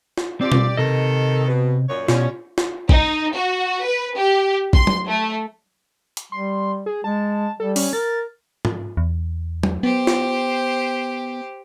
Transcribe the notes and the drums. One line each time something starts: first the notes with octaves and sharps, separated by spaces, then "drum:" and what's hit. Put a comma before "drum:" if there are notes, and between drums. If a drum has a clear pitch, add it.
drum: snare
C4 F4 G4 D5
drum: tom B2
C3 D#3 A4 D#5
B2
F#2 A#2 C#5
B2 G3 C#4, drum: snare
drum: snare
D#4, drum: kick
F#4
B4
G4
C6, drum: kick
drum: tom F#3
A3
drum: hi-hat
G3 C6
G#4
G#3 A5
G3 A4
C#4, drum: open hi-hat
A#4 A6
drum: tom G#2
E2
drum: tom F#3
B3 G4 C5
drum: snare